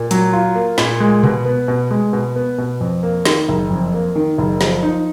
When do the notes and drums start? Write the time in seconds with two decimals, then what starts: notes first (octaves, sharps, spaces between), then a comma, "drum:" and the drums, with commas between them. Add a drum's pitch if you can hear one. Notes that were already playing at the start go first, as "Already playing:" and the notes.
Already playing: A#2
0.11 F#3, drum: hi-hat
0.33 F4
0.55 A#3
0.78 A#2, drum: snare
1.00 G#3
1.24 B2, drum: tom B2
1.45 B3
1.68 B2
1.91 G#3
2.13 B2
2.36 B3
2.58 B2
2.81 F2
3.03 A#3
3.25 D#3, drum: snare
3.48 F#1
3.70 F2
3.94 A#3
4.16 D#3
4.38 F#1
4.61 F3, drum: snare
4.83 D#4